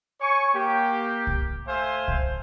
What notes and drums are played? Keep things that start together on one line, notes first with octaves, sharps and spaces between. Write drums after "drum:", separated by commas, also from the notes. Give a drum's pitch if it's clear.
C#5 G#5 C#6
A#3 G4
drum: kick C2
A3 C5 E5 F5 G#5
drum: kick C2